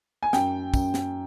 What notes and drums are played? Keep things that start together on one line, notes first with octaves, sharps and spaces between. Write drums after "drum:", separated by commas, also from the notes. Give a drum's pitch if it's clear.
G#5
F#2 G5, drum: snare
F#2, drum: kick, tambourine
drum: snare